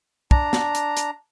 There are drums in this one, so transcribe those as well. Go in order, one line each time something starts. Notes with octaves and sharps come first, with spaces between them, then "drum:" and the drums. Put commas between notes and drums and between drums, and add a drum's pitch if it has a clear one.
D4 A#5, drum: kick
drum: snare
drum: hi-hat
drum: hi-hat